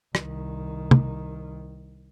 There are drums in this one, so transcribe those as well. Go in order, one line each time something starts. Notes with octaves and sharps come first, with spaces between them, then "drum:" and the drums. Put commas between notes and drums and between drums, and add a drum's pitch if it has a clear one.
C2 D#3, drum: rim click
drum: tom